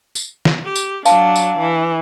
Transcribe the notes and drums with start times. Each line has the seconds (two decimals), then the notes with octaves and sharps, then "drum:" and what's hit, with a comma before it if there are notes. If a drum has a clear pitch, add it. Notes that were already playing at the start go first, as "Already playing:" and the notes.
0.15 drum: tambourine
0.45 drum: snare
0.65 G4
0.75 drum: tambourine
1.06 F#3 D4 F5 A5, drum: tambourine
1.36 drum: tambourine
1.58 E3